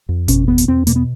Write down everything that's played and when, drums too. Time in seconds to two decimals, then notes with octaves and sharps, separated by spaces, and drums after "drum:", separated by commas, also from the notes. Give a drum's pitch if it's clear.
0.09 F2
0.28 B2 C#4, drum: kick G1, hi-hat
0.48 E2 B3
0.58 drum: hi-hat
0.68 E2 C4
0.87 B2 A#3, drum: hi-hat
0.96 B3